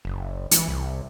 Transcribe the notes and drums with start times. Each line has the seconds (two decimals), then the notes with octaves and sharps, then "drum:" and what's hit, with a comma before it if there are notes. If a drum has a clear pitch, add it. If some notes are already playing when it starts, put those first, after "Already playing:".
0.05 F#1
0.51 E3, drum: hi-hat
0.68 C2